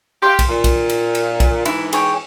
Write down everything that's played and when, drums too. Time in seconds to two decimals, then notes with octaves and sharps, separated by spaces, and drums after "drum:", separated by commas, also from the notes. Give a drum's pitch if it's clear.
0.22 G4 F5 C6
0.39 drum: kick B1, cymbal
0.49 A#2
0.64 drum: kick B1, cymbal
0.89 drum: cymbal
1.15 drum: cymbal
1.40 drum: kick B1, cymbal
1.65 G#2 E3 E4, drum: cymbal
1.93 G#4 C#5 G5, drum: cymbal